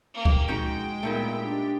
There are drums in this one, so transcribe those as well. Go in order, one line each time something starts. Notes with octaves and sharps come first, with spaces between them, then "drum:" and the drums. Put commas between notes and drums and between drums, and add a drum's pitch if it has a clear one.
A#3 G4
drum: kick C#2
G#3 C#4 D#4 F#4 G5
A#2 A3 B3 D#4 E4
D4 G4